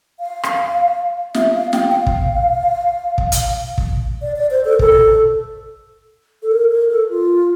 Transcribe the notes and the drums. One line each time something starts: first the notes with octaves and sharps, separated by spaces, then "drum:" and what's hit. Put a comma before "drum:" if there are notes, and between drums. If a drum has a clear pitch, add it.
F5
drum: rim click
E5, drum: snare
F5
G5, drum: snare
F5
drum: kick
drum: kick
drum: hi-hat
drum: kick
D5
D5
C5
A4
A#4
A4, drum: kick
A4
A#4
A#4
A4
F4